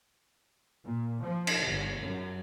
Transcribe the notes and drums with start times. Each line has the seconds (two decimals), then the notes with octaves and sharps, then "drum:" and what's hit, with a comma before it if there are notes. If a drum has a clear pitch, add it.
0.85 A#2
1.22 F3
1.47 drum: cymbal
1.67 G1
2.02 F#2